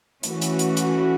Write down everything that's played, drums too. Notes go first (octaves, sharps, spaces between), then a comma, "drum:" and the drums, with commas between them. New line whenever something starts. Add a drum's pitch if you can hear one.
E3 A3 C#4 F#4, drum: hi-hat
drum: hi-hat
drum: hi-hat
drum: hi-hat